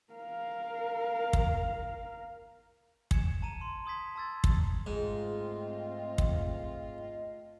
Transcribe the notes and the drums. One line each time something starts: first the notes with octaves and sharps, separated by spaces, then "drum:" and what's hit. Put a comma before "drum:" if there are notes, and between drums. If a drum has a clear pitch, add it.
A#4 F5
drum: kick
G#5 G#6 C#7 E7, drum: kick
A5 A#5 D#7 E7
C6
C6 D#6 G#6 B6
A5 C6 E6 G#6 A6
drum: kick
G#2 A3 C4 F4 D#5
drum: kick